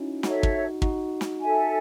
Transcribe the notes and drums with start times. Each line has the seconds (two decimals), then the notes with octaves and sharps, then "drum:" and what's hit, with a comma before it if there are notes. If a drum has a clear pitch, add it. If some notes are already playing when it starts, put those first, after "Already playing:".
Already playing: C#4 D#4 E4 F#4
0.23 D#4 F#4 A4 C#5 E5, drum: snare
0.43 drum: kick
0.82 D#4 F#4, drum: kick
1.21 drum: snare
1.40 A4 E5 G#5